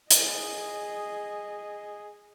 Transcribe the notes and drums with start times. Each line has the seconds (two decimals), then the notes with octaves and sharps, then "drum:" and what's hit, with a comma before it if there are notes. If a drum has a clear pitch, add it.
0.11 G#4 D#5, drum: hi-hat